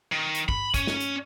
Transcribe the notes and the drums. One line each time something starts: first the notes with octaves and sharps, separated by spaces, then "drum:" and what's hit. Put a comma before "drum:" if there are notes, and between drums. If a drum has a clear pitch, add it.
D#3
drum: hi-hat
B5, drum: kick
C#4, drum: kick, hi-hat
drum: snare
drum: hi-hat